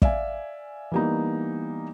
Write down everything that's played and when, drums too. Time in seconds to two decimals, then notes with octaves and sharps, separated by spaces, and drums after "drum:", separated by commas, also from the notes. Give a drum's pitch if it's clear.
0.02 D5 E5 F5 G#5, drum: kick
0.92 E3 G3 A#3 B3 D#4